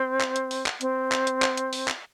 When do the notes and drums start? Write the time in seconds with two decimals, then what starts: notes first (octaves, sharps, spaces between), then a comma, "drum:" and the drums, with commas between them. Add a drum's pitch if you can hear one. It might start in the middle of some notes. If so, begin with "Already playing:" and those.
Already playing: C4
0.21 drum: clap
0.36 drum: hi-hat
0.51 drum: open hi-hat
0.66 drum: clap
0.81 C4, drum: hi-hat
1.12 drum: clap
1.27 drum: hi-hat
1.42 drum: clap
1.57 drum: hi-hat
1.73 drum: open hi-hat
1.88 drum: clap